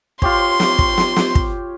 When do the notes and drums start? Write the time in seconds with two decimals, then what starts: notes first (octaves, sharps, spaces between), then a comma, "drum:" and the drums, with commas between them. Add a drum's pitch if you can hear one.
0.22 F4 G4 C#5 C6, drum: kick
0.60 drum: snare
0.79 drum: kick
0.98 drum: snare
1.16 drum: snare
1.35 drum: kick